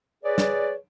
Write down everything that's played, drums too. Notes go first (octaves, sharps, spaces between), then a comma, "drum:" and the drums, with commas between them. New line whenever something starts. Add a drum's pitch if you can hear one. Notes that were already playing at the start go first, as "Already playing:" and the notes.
G#4 B4 C#5 D5
drum: snare